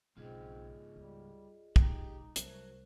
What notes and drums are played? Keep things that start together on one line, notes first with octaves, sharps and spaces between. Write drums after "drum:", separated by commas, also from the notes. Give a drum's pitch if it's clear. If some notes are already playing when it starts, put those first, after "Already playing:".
B1 G#2 C#3 C4 F4 G#4 D#5
C#2 G3
C#2 B2 D#4 G4, drum: kick
C2 F#3 A3 A#4 C5, drum: hi-hat